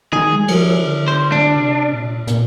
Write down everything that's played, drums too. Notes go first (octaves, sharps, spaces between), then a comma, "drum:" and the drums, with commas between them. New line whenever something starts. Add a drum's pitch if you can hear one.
D#3 G#4
G#3
G3
F3, drum: cymbal
D#3
D3
C5
D4
C3
A#2
C3
A#2, drum: hi-hat